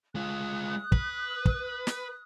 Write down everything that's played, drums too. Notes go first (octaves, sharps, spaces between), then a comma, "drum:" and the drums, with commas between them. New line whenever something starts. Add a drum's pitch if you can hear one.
G#3 F4 D#6 F#6
B4, drum: kick
drum: kick
drum: snare